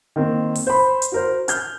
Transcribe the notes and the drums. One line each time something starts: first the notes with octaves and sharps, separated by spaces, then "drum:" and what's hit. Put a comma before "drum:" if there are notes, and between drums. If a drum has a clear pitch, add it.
D#3 A#3 C4
drum: open hi-hat
C5 B5
drum: hi-hat
F#4 A#4 C5
F6 G6, drum: hi-hat